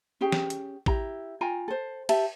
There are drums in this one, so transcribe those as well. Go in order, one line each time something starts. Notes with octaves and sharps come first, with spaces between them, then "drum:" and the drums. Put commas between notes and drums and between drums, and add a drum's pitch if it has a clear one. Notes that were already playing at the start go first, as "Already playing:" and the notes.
C#4 G4 G#4 G5
drum: snare
drum: hi-hat
E4 G4 A#5, drum: kick
F4 G5 G#5 A#5
A4 C5
G4 E5 A5, drum: cymbal